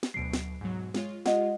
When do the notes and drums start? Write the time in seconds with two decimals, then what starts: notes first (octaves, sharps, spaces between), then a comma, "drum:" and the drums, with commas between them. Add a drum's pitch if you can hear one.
0.03 drum: snare
0.14 D2 B2 F#3 C7 D7
0.33 drum: snare
0.61 G#2 B2 F#3
0.94 G#3 F4 C#5, drum: snare
1.26 G#3 F4 G4 D#5 F#5, drum: snare